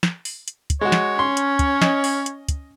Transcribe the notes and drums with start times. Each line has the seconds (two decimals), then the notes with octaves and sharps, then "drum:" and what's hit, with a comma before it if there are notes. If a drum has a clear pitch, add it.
0.03 drum: snare
0.25 drum: open hi-hat
0.48 drum: hi-hat
0.70 drum: kick, hi-hat
0.81 G#3 F#4 C#5
0.92 drum: snare
1.19 C#4 C6
1.37 drum: hi-hat
1.59 drum: kick, hi-hat
1.82 D#5, drum: snare
2.04 drum: open hi-hat
2.26 drum: hi-hat
2.49 drum: kick, hi-hat